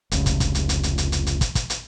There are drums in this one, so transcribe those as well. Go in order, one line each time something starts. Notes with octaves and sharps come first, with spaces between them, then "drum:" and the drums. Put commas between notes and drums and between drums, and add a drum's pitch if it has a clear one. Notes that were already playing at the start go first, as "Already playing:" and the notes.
F1 C#2, drum: hi-hat
drum: kick, hi-hat
drum: kick, hi-hat
drum: hi-hat
drum: hi-hat
drum: hi-hat
drum: hi-hat
drum: hi-hat
drum: hi-hat
drum: kick, hi-hat
drum: kick, hi-hat
drum: hi-hat